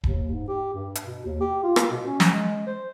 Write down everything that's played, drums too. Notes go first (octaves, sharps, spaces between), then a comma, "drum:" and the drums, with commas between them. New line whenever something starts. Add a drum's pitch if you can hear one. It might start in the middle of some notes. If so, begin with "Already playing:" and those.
D#2, drum: kick D#1
G#2
G4
G2
drum: hi-hat
B2
D#2
G4
F4
drum: rim click
B2
C#4
drum: snare
G#3
C5